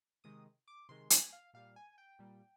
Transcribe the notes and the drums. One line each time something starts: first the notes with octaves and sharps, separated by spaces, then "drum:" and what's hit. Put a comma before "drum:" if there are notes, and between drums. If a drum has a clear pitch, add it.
C3 D#3 G#3 D#6
D6
C3 D#3 G#3 C6
G#5, drum: hi-hat
F5
A#2 G3 F5
G#5
G5
A#2 G3